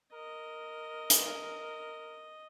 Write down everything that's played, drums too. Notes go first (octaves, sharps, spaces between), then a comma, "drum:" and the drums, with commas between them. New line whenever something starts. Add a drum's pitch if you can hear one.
A#4 D#5
drum: hi-hat